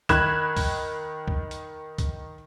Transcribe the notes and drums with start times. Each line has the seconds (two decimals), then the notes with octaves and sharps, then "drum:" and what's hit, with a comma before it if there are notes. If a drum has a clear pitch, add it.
0.09 D#3 B5 F#6 G#6 E7, drum: kick, hi-hat
0.57 drum: kick, open hi-hat
1.28 drum: kick
1.51 drum: hi-hat
1.98 drum: kick, hi-hat